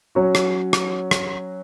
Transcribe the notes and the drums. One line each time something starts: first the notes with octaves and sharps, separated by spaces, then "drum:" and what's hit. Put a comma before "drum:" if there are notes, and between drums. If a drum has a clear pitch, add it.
F#3 C#4 F#4
drum: rim click
drum: rim click
drum: rim click